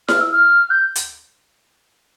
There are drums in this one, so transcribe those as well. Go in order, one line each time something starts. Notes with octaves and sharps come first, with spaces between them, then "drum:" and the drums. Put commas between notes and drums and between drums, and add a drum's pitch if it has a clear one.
F6, drum: snare E4
E6
F6
G6
drum: hi-hat